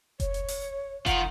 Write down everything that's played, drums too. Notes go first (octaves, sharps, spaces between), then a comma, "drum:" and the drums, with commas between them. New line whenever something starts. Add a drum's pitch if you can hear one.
C#5, drum: kick F1, hi-hat
drum: hi-hat
drum: open hi-hat
D#3 F4 F#5, drum: kick F1, hi-hat